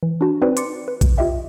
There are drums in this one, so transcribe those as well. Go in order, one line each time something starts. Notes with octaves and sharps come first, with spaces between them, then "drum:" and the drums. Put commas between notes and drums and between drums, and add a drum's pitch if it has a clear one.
E3
D4 F#4 A5
C4 D#4 F#4 B4 C5 D5
C6 D6 A6 C#7, drum: hi-hat
B4
drum: kick A#1, hi-hat
F4 G4 D#5 E5 G5